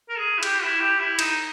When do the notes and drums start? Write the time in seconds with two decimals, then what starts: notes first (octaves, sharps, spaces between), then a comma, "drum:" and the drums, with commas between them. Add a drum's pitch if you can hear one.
0.09 A#4
0.18 G#4
0.38 E4
0.43 G4, drum: cymbal
0.62 E4
0.80 G4
0.99 E4
1.19 D#4, drum: cymbal